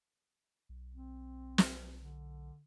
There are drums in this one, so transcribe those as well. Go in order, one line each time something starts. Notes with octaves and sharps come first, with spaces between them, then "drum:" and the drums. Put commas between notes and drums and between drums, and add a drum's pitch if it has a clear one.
B1
C4
drum: snare
D3